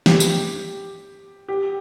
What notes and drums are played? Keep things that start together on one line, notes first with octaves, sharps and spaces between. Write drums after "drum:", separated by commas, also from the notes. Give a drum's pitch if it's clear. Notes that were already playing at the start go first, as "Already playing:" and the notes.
G4, drum: snare
drum: tambourine
G4